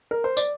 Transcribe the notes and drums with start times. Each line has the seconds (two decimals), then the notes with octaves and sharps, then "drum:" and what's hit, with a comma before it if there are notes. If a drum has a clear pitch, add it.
0.11 A#4
0.24 C5
0.37 D5, drum: tambourine